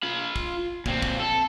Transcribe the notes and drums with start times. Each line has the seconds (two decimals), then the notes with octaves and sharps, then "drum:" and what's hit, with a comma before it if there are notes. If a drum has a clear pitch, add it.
0.03 F4 B5
0.36 drum: kick
0.86 A#2 C4, drum: kick
1.02 drum: kick
1.19 A4